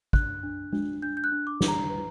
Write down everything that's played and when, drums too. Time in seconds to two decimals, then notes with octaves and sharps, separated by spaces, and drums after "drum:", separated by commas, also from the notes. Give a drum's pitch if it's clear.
0.13 D4 F#6, drum: kick
0.43 D4
0.73 D4, drum: tom G#3
1.02 D4 G6
1.17 G6
1.24 F#6
1.32 D4
1.47 D6
1.61 D4, drum: snare
1.68 A#5
1.90 B4